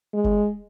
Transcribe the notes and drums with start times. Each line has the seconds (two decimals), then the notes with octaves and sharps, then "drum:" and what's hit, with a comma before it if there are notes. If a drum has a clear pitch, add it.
0.14 G#3
0.24 drum: kick F#1